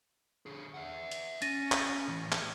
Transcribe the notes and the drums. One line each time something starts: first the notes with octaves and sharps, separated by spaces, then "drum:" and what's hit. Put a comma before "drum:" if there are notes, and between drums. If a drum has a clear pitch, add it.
D3 G#4
E5 F#5
drum: hi-hat
C#4 A6 A#6 D#7, drum: hi-hat
drum: clap
A2 E3
drum: clap